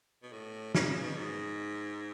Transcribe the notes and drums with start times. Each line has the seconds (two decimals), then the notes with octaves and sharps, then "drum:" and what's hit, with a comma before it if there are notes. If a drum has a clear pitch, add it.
0.23 B2
0.33 A2
0.75 B2, drum: snare
0.89 C#3
1.03 B2
1.17 G#2